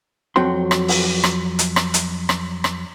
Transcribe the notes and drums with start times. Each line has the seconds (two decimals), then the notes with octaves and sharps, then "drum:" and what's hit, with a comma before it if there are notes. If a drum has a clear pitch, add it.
0.36 F2 F#3 F#4 G5 C6
0.71 drum: rim click
0.88 drum: open hi-hat
1.24 drum: rim click
1.59 drum: hi-hat
1.76 drum: rim click
1.94 drum: hi-hat
2.29 drum: rim click
2.64 drum: rim click